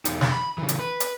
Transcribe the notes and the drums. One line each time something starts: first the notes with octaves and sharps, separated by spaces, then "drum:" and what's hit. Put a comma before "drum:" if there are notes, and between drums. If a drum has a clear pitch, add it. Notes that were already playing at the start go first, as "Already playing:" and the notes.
E2 D#4, drum: hi-hat
drum: snare
B5
C#3 E3
drum: hi-hat
B4
drum: hi-hat